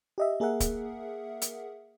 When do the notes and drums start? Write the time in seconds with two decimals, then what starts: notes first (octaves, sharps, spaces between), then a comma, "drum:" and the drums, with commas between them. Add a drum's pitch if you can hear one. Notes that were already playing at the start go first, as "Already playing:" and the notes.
0.18 G4 D#5 E5
0.40 A#3 G#4 A#4 E5 F#5
0.60 drum: kick, hi-hat
1.42 drum: hi-hat